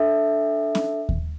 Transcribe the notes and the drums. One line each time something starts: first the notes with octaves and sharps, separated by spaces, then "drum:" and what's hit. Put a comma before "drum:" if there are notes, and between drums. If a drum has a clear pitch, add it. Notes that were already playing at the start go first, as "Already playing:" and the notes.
Already playing: D4 A4 E5
drum: snare C#4
drum: kick D#2